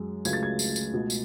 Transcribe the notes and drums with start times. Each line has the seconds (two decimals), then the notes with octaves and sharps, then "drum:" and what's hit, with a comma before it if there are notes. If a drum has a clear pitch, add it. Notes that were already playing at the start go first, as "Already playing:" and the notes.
Already playing: F#2 G#3
0.25 C#2 C#3 F#3 A3 G#6, drum: tambourine
0.33 A6
0.43 G#6
0.59 drum: tambourine
0.76 drum: tambourine
0.92 C#2 B2 A3
1.10 drum: tambourine